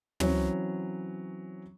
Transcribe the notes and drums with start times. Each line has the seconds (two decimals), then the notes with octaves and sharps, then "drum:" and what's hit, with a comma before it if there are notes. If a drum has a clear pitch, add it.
0.20 E3 F#3 C4 C#4, drum: tom